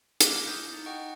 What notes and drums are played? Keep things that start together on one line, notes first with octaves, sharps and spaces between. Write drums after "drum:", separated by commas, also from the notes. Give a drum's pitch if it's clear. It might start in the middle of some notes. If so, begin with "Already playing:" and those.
D6 F6 F#6, drum: hi-hat
D4 E4
D#6 G6
D#4
D#5 F#5 G5 C#6 D#6 D7